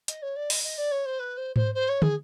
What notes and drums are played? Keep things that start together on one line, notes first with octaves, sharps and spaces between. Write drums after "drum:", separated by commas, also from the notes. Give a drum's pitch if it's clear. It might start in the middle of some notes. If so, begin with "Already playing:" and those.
D#5, drum: hi-hat
C#5
D5
D#5, drum: open hi-hat
D#5
D5
C#5
C5
B4
C5
C5, drum: tom G#2
C5
C#5
G#4, drum: tom